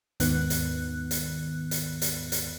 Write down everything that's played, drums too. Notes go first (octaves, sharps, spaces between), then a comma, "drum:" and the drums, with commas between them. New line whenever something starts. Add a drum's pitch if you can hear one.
D#2 G#2 D#3 B3 F#6, drum: hi-hat
drum: hi-hat
drum: hi-hat
drum: hi-hat
drum: hi-hat
drum: hi-hat